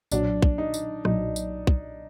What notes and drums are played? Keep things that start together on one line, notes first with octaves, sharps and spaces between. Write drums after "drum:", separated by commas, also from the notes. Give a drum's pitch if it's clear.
B1 A#2 F#3 D4, drum: tambourine
drum: kick
D#4
drum: tambourine
B1 A#2 F#3 D#4, drum: rim click
drum: tambourine
drum: kick